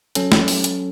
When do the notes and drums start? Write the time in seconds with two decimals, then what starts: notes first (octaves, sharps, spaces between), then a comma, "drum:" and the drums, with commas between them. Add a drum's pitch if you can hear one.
0.15 F#3 C#4 A4, drum: hi-hat
0.32 drum: snare
0.48 drum: open hi-hat
0.64 drum: hi-hat